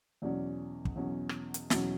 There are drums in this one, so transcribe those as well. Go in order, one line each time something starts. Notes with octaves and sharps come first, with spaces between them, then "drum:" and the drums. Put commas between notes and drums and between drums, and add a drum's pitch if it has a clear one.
E2 B2 F#3 C#4 D5
drum: kick
E2 B2 F#3 C#4
drum: rim click
drum: hi-hat
E2 B2 F#3 C#4, drum: snare